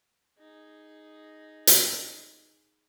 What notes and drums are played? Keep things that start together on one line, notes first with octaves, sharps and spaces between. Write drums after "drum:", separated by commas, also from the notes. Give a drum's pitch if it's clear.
D#4 G#4
drum: hi-hat